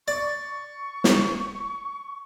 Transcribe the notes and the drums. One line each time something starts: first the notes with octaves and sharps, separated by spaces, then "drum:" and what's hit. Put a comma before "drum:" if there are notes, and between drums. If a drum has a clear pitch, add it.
D5 C#6
drum: snare